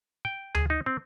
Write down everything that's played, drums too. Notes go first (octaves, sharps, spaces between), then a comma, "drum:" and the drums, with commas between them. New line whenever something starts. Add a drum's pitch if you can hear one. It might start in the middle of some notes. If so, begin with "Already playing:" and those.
G5
G#4, drum: tom D2
D#4
C4